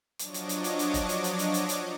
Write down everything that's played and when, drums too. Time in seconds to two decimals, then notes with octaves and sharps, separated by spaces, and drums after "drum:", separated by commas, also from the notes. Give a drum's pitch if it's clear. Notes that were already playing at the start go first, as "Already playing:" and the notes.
0.19 F3 F#3 D4 C#5 D#5 D6, drum: hi-hat
0.34 drum: hi-hat
0.49 drum: hi-hat
0.64 drum: hi-hat
0.79 drum: hi-hat
0.94 drum: kick, hi-hat
1.09 drum: hi-hat
1.24 drum: hi-hat
1.39 drum: hi-hat
1.54 drum: hi-hat
1.69 drum: hi-hat